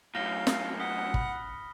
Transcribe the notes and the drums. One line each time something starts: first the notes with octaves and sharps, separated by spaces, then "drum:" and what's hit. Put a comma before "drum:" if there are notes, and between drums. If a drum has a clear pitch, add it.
F#2 A2 F5 F6 A#6 G7
drum: snare
F#5 D#6 B6 G7
B5, drum: kick